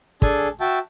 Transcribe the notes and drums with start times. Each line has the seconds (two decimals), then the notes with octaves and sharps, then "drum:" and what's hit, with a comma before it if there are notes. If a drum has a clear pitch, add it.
0.22 D4 G#4 A4 G#5, drum: kick
0.60 F#4 E5 G5 A5